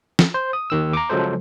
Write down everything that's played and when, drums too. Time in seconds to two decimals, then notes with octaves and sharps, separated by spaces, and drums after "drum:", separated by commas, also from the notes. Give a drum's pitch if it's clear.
0.19 drum: snare
0.34 C5
0.53 D#6
0.70 D#2 D#3 E6
0.93 A#5 D6
1.09 C#3 F3 F#3 G#3 A4 C5